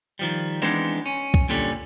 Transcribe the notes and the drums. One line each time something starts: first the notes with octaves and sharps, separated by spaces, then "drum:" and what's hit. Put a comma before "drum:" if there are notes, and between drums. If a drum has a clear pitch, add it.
D#3 F3 G3
E3 G#3 B3 C4 D4 D#4
C#4
drum: kick C2
A#2 D3 G3 C#4